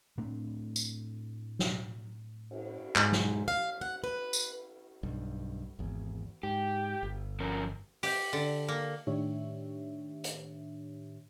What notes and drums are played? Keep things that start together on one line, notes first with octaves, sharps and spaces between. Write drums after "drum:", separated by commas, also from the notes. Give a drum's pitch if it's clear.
A2 A3 C4 D4
drum: tambourine
drum: snare
drum: cymbal
G#2, drum: clap
drum: snare
F5
F#5
B4
drum: tambourine
B1 G2
G#1 E2
G#2 G4
G1
F3 C#4 A#4
G4, drum: open hi-hat
D3
A#3
A2 D#3 D4 G4 C#5 E5
drum: hi-hat